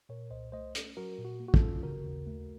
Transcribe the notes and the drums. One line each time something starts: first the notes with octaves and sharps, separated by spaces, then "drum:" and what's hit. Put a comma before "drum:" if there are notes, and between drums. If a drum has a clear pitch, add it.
A#2 A#4 C#5
C2 C5 D#5
A3 C5 D#5
C#4, drum: hi-hat
F#3 F#4 A#4
A#2
F#4
A#3
F#4
F4 A4, drum: kick
C#4
C#3 F#4 A#4
D#2
A3